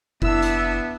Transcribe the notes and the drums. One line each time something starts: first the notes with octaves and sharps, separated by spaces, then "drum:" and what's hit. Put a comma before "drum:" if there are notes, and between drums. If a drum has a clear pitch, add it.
F#1 B3 D4 E4 E5 E6, drum: kick F#1
drum: hi-hat